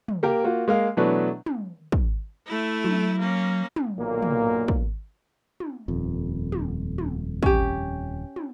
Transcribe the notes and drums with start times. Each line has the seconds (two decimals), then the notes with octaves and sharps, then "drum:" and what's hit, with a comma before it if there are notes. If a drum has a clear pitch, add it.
0.08 drum: tom
0.23 A#3 G4 A#4
0.44 A#3 F4 F#4
0.68 G#3 A#3 F5
0.97 B2 E3 F#3 A3 D4 B4
1.46 drum: tom
1.92 drum: kick
2.47 A3 E4
2.84 F#3, drum: tom
3.20 A#3 C#4
3.76 drum: tom
3.99 B1 A#2 A#3
4.22 drum: tom
4.68 drum: kick
5.60 drum: tom
5.88 D#1 F2
6.52 drum: tom
6.98 drum: tom
7.43 C#4 G4, drum: kick
8.36 drum: tom